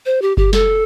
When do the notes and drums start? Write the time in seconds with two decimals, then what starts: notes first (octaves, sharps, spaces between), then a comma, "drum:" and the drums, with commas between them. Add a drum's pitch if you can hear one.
0.06 C5
0.22 G4
0.37 G4, drum: kick F#1
0.53 A4, drum: snare